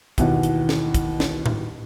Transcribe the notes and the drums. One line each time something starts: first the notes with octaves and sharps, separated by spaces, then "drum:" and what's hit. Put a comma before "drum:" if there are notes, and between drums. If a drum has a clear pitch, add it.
D#2 B2 E3 F#5, drum: kick, hi-hat
drum: hi-hat
drum: snare
drum: kick, hi-hat
drum: snare
drum: tom A2